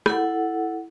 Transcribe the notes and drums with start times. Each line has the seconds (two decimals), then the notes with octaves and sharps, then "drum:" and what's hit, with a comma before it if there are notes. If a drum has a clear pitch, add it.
0.06 E4 A4 F#5, drum: rim click